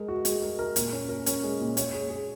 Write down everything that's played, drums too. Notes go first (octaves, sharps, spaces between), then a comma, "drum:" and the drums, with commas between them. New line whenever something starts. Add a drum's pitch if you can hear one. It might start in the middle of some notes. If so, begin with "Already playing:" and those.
Already playing: G#3 A#4
F#4
G#3, drum: hi-hat
A#4
A#4
A#2, drum: hi-hat
C#4
A#4
C#4, drum: hi-hat
G#3
A#2
C#5, drum: hi-hat
G#4
G#4